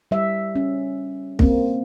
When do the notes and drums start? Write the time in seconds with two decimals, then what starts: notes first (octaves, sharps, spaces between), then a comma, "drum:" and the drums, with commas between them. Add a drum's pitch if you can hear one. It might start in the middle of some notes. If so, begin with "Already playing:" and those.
0.11 G3 E5
0.55 C#4
1.39 A#3 C4, drum: kick